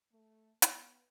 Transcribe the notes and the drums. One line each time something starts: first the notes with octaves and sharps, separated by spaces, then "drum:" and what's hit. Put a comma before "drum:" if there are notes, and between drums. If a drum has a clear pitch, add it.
A3
B3, drum: hi-hat